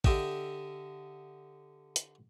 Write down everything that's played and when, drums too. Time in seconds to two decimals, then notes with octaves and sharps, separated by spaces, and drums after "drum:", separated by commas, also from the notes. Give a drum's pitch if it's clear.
0.04 D3 G4 D#5 E5 G5, drum: kick
1.96 drum: hi-hat